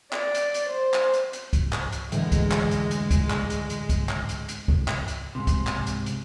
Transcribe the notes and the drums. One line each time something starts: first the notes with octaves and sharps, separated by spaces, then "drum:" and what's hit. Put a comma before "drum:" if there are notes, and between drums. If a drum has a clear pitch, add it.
D5, drum: clap
drum: hi-hat
drum: hi-hat
C5
drum: clap
drum: hi-hat
drum: hi-hat
drum: kick, hi-hat
drum: clap
drum: hi-hat
E2 A2 D3 G#3, drum: hi-hat
drum: kick, hi-hat
drum: clap
drum: hi-hat
drum: hi-hat
drum: kick, hi-hat
drum: clap
drum: hi-hat
drum: hi-hat
drum: kick, hi-hat
drum: clap
drum: hi-hat
drum: hi-hat
drum: kick
drum: clap
drum: hi-hat
G#2 C3
drum: kick, hi-hat
drum: clap
drum: hi-hat
drum: hi-hat